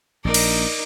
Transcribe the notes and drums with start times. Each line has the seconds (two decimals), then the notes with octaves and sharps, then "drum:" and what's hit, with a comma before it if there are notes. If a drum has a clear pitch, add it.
0.25 A#1 D#4 A#4 D5
0.34 drum: cymbal